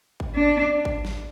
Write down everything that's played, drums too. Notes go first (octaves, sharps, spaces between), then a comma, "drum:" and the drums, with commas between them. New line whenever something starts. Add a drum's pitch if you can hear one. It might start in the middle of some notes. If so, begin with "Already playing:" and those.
drum: kick G#1
D4
drum: kick G#1
drum: snare